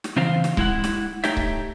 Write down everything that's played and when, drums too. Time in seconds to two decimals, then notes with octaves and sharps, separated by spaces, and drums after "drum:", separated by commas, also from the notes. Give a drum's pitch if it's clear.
0.04 drum: snare
0.16 C#3 E3 C4 C5 F5
0.44 drum: snare
0.57 G#3 E4 F#5, drum: kick C#1
0.84 drum: snare
1.24 A3 D#4 G4 C#5 E5, drum: snare
1.37 drum: kick C#1